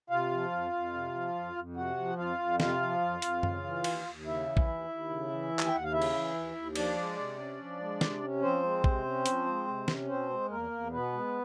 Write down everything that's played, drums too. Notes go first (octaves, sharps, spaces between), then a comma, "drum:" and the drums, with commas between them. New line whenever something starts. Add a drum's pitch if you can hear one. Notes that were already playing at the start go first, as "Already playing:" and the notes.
C3 F4 F5
F3
F2
F2
C3
F3
F2
F2
C3 F#4 F#5
F3
F2 F4 F5
F2
C3 F4 F5, drum: snare
F3
F2
F2, drum: hi-hat
C#3, drum: tom F#2
E3
D#2, drum: cymbal
D#2
C#3 E4 E5
E3
drum: kick
D#2
D#2
C#3
E3
D#2
G#5, drum: clap
G5
D#2 F#5
F5
C#3 E4 E5
drum: cymbal
E3
D#2
D#2
F3 D4 D5, drum: cymbal
G#3
C3
C#4
F3
G#3
C3, drum: snare
C#4
F3 C4 C5
G#3
C3, drum: kick
C#4
F3, drum: hi-hat
G#3
C3
C#4, drum: snare
B2 C4 C5
G#3
E2 A#3 A#4
E2
B2 B3 B4
G#3